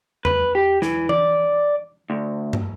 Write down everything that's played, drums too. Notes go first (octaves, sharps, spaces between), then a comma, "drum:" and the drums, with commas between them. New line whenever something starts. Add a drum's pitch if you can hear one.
B4, drum: tom E2
G4
E3, drum: snare
D5, drum: tom E3
D2
drum: tom